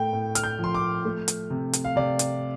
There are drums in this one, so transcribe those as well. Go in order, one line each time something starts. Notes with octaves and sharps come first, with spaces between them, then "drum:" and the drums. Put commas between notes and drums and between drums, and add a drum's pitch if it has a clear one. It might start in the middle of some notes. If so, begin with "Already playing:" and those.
Already playing: A2 A3 G5
A2
F6, drum: hi-hat
G6
F3
C6
D6
A3
drum: hi-hat
C3
drum: hi-hat
F5
C3 D5
drum: hi-hat